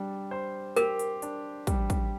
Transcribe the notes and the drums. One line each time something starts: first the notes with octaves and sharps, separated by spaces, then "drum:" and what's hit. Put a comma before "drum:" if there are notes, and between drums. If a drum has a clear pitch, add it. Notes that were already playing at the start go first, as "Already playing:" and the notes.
Already playing: G3 D4
C5
G4 A#4, drum: hi-hat
drum: hi-hat
D4, drum: hi-hat
G3, drum: kick, hi-hat
drum: kick, hi-hat